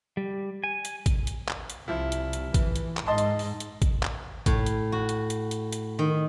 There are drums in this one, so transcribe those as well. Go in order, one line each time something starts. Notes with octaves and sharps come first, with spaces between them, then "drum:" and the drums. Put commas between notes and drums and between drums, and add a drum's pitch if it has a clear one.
G3
G#5
drum: hi-hat
drum: kick, hi-hat
drum: hi-hat
drum: clap
drum: hi-hat
C2 F3 E4
drum: hi-hat
drum: hi-hat
E3, drum: kick, hi-hat
drum: hi-hat
drum: clap
G#2 D#5 A5 C6
drum: hi-hat
drum: open hi-hat
drum: hi-hat
drum: kick, hi-hat
drum: clap
A2, drum: kick, hi-hat
drum: hi-hat
F#4
drum: hi-hat
drum: hi-hat
drum: hi-hat
drum: hi-hat
D#3